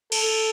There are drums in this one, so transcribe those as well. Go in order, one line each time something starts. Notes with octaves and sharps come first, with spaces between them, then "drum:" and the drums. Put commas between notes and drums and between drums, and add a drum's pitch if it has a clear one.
A4, drum: cymbal